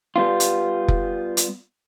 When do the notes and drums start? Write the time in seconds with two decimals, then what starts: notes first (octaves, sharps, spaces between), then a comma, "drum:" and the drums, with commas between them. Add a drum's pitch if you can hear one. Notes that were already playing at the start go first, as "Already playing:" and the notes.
0.16 G3 B3 F4
0.40 drum: hi-hat
0.88 drum: kick F1
1.37 drum: hi-hat